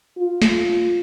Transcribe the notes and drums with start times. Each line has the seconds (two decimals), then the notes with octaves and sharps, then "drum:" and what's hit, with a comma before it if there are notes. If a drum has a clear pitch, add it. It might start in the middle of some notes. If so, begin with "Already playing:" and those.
0.18 F4
0.42 drum: snare